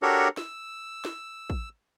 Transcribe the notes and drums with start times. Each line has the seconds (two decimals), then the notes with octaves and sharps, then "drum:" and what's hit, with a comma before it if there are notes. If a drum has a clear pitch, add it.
0.02 D4 F#4 G4 A4 A#4 C#5
0.37 E6, drum: snare
1.05 drum: snare
1.50 drum: kick